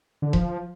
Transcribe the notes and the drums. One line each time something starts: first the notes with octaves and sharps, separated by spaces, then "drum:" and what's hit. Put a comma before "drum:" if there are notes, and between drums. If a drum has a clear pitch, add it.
D3
F3, drum: kick E1